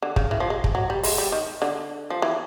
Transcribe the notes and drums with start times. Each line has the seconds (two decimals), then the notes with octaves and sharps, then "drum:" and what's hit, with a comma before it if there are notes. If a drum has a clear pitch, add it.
0.03 D3
0.16 C#3, drum: kick
0.31 E3
0.40 F3
0.50 G#3
0.64 drum: kick
0.75 F#3
0.90 G3
1.03 G#3, drum: open hi-hat
1.18 G3
1.32 D#3
1.62 D3
2.10 F3
2.22 E3